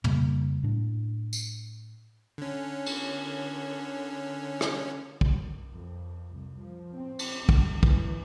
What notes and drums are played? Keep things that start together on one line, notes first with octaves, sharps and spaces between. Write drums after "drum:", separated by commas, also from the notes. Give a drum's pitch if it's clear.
F2 C#3 G3 A#3, drum: tom
A2 D4
drum: tambourine
D3 C#4
drum: cymbal
drum: rim click
drum: kick
F2
C2
F3
C4
drum: cymbal
G2, drum: kick
E3, drum: kick